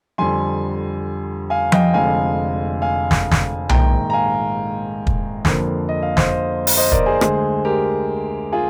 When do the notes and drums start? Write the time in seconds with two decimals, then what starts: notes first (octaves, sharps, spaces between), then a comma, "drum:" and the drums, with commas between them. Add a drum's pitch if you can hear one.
0.18 F2 D3 G3 G#5 C6
1.50 F5 G#5
1.72 D#5 G5, drum: tom F3
1.94 F1 F2 D3 G#3 F5 G#5
2.82 F5 G#5
3.11 drum: snare
3.31 drum: snare
3.69 A#1 G#2 D#3 G#3 G5 A#5, drum: tom B1
4.10 A#5
4.13 F5 G#5
5.07 drum: kick
5.45 F2 D3 F3 A#3, drum: snare
5.89 D#5
6.03 F5
6.17 C5 D#5, drum: snare
6.67 drum: open hi-hat
6.77 C5 D#5
6.92 A#4 D5, drum: kick
7.06 G#4 C5
7.21 D2 D3 G#3, drum: rim click
7.65 G4 A#4
8.53 F4 G#4